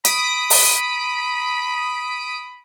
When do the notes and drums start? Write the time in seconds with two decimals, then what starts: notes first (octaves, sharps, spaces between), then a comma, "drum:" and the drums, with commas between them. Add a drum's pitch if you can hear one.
0.05 B5 D#6 B6 D7, drum: hi-hat
0.50 drum: open hi-hat